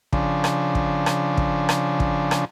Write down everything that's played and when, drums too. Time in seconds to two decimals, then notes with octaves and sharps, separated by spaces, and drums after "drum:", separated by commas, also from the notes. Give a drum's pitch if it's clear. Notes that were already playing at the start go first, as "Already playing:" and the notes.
0.13 C#3 F3 D4, drum: kick
0.44 drum: rim click
0.75 drum: kick
1.06 drum: rim click
1.37 drum: kick
1.69 drum: rim click
2.00 drum: kick
2.31 drum: rim click